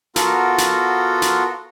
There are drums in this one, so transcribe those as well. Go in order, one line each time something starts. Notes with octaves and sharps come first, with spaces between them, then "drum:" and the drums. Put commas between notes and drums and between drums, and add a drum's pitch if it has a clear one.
B3 F4 F#4 A4 A#4, drum: snare
drum: snare
drum: snare